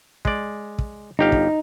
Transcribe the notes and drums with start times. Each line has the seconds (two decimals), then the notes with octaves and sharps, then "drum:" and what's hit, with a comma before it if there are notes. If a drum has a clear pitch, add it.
0.25 G#3 D5, drum: kick
0.79 drum: kick
1.19 G1 D#4 G4 F5
1.32 drum: kick